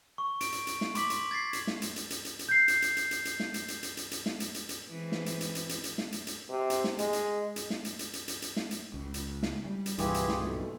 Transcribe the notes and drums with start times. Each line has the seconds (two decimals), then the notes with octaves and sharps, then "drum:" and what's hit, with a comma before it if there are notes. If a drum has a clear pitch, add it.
0.18 C#6
0.41 D7, drum: hi-hat
0.52 drum: hi-hat
0.67 drum: hi-hat
0.81 drum: snare
0.95 C6 D6 B6 F#7, drum: hi-hat
1.10 drum: hi-hat
1.31 G#6 A6 B6 C7
1.53 drum: hi-hat
1.67 drum: snare
1.82 drum: hi-hat
1.96 drum: hi-hat
2.10 drum: hi-hat
2.25 drum: hi-hat
2.39 drum: hi-hat
2.49 G6 C7
2.68 drum: hi-hat
2.82 drum: hi-hat
2.97 drum: hi-hat
3.11 drum: hi-hat
3.25 drum: hi-hat
3.40 drum: snare
3.54 drum: hi-hat
3.68 drum: hi-hat
3.83 drum: hi-hat
3.97 drum: hi-hat
4.11 drum: hi-hat
4.26 drum: snare
4.40 drum: hi-hat
4.54 drum: hi-hat
4.69 drum: hi-hat
4.89 E3 G#3 C4
5.12 drum: snare
5.26 drum: hi-hat
5.41 drum: hi-hat
5.55 drum: hi-hat
5.69 drum: hi-hat
5.84 drum: hi-hat
5.98 drum: snare
6.12 drum: hi-hat
6.27 drum: hi-hat
6.49 C3
6.70 drum: hi-hat
6.84 drum: snare
6.99 G#3, drum: hi-hat
7.13 drum: hi-hat
7.56 drum: hi-hat
7.70 drum: snare
7.85 drum: hi-hat
7.99 drum: hi-hat
8.13 drum: hi-hat
8.28 drum: hi-hat
8.42 drum: hi-hat
8.56 drum: snare
8.71 drum: hi-hat
8.94 C#2
9.14 drum: hi-hat
9.43 drum: snare
9.65 G3
9.86 drum: hi-hat
9.98 C2 G2 A#2 E3 F4 G4 G#4, drum: hi-hat
10.14 drum: hi-hat
10.29 drum: snare
10.40 B1 A3